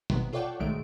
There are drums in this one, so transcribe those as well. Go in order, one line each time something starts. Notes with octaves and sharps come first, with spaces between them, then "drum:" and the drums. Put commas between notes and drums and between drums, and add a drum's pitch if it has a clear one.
G#1 C3 D#3 B3, drum: tom B2
F4 A4 C#5 D5 F#5 G5
B1 G#2 D#3 G#3 A3 D7